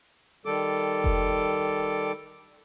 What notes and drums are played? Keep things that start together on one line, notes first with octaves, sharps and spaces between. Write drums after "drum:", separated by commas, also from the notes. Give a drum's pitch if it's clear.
D#3 G3 A4 D6
drum: kick F1